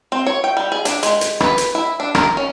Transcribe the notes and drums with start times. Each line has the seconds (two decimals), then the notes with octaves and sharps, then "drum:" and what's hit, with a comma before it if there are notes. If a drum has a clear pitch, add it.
0.12 C4
0.27 C#5
0.44 G5
0.57 G3
0.72 G#4
0.85 D4, drum: hi-hat
1.03 G#3, drum: hi-hat
1.21 drum: hi-hat
1.40 B4, drum: rim click
1.58 drum: hi-hat
1.75 E4
2.00 D4
2.15 A#4, drum: rim click
2.37 C#4